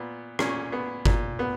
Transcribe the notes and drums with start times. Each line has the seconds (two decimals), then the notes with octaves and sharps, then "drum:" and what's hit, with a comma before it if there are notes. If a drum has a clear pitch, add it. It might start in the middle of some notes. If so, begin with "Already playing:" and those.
Already playing: A#2 B3
0.39 A#2 C#4, drum: rim click
0.72 B3
1.05 A#2, drum: kick G1
1.39 B3